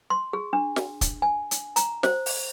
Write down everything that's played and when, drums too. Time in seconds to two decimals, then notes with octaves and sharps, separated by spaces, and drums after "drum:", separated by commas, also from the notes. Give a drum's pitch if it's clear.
0.10 C6
0.33 G#4
0.53 D4
0.76 drum: snare
1.01 drum: kick, hi-hat
1.22 G#5
1.51 drum: hi-hat
1.76 A#5, drum: hi-hat
2.03 C5, drum: snare
2.26 drum: open hi-hat